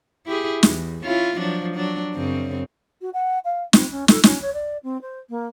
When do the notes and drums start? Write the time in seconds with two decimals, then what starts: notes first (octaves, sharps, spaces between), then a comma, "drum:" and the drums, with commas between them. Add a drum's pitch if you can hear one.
0.26 E4 G4 G#4
0.63 E2, drum: snare
1.04 C#4 E4 F4
1.37 F3 F#3 D4
1.75 F#3 D4
2.14 F#2 C#3 C4
3.01 F#4
3.13 F#5
3.45 F5
3.73 C4, drum: snare
3.91 C#4
4.08 A4, drum: snare
4.24 C#4, drum: snare
4.41 C#5
4.53 D5
4.83 C4
5.01 C5
5.29 A#3